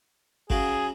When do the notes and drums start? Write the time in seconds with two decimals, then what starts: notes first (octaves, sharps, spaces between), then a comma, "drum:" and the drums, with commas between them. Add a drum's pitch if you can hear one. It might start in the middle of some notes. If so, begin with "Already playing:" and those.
0.50 C#3 F#3 G#4, drum: kick G#1